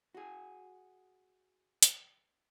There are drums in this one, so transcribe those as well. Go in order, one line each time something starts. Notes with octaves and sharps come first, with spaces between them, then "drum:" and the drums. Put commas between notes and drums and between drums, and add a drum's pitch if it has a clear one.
F#4 G#4
drum: hi-hat